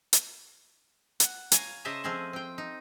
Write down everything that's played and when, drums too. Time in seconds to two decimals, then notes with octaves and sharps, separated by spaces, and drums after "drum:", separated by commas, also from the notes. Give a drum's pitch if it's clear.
0.13 drum: hi-hat
1.20 F#5, drum: hi-hat
1.52 C#5 F5 G#5 A#5, drum: hi-hat
1.85 C#3 C5 D#5 E5 A5 A#5
2.04 F3 A3 C4 G#4 D#5
2.33 C4 G5
2.58 D#4